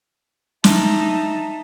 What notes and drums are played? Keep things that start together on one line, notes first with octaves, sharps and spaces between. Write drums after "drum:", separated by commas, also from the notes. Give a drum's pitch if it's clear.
D#4 E5 A5, drum: snare